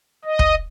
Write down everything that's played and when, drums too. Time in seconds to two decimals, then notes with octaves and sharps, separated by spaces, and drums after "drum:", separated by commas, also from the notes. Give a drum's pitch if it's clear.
0.25 D#5
0.39 drum: kick